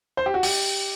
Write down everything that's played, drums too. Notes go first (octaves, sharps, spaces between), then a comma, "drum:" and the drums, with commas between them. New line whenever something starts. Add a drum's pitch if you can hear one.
C5
G4
F#4
G4, drum: open hi-hat